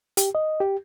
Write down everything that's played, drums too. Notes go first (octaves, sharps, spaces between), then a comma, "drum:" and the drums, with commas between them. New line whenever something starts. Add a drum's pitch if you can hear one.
G4, drum: hi-hat
D#5
G4